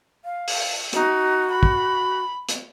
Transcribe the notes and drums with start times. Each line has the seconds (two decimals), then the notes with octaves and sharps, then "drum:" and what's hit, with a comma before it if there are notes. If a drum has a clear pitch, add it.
0.25 F5
0.48 drum: open hi-hat
0.93 D#4 F#4, drum: hi-hat
1.51 B5
1.63 drum: kick
2.49 drum: hi-hat